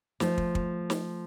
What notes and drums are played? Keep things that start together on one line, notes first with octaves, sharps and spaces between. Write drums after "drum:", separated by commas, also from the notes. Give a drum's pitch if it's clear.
F3 A3, drum: snare
drum: kick
drum: kick
drum: snare